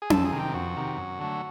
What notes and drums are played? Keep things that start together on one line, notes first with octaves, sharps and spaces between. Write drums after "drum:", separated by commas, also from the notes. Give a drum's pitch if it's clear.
G#4
F2 A4, drum: tom C#4
G#4
C3 D#3
G4
F2 F#4
C3 D#3
F#2
D3 F#3 A3